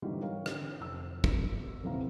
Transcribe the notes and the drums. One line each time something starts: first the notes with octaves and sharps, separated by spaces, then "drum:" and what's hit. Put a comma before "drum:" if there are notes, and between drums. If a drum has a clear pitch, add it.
G#2 B2 D3 E3 F#3 G3
A#4 C#5 F5 G5
D3, drum: rim click
F1 E6
A#4 D7 E7, drum: kick
D#1 C3 E3 F5 A#5